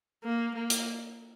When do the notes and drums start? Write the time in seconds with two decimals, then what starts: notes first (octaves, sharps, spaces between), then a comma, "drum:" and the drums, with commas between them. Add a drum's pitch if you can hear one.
0.24 A#3
0.55 A#3
0.70 drum: hi-hat